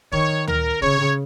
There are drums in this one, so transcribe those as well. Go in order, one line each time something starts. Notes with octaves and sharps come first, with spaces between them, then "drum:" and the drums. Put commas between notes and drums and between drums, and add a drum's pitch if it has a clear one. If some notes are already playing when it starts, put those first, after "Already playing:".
D#3 C#5, drum: kick
A#4, drum: tom D2
C#3 C#5, drum: kick